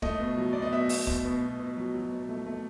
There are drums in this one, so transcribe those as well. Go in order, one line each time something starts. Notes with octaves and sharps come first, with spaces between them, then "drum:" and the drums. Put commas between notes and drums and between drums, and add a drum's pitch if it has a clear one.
A3 D#5, drum: kick
B2
F#3
B2 D5
D#5
B2 E5
B2, drum: open hi-hat
B2, drum: kick
B2
B2
B2
F#3
F#3
B2
A3
A3